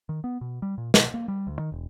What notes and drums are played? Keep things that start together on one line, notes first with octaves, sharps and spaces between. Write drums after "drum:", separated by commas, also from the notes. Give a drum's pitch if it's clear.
D#3
B3
B2
G3
A#2
B2, drum: snare
A#3
G3
D2
D#3
E1